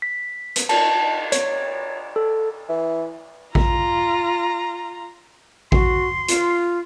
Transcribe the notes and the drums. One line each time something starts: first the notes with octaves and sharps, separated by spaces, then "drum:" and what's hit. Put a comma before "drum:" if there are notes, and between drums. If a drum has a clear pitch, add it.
B6
drum: hi-hat
A5, drum: cymbal
C#5, drum: hi-hat
A4
E3
F4 A#5, drum: kick A1
F#4 C6, drum: kick A1
F4, drum: hi-hat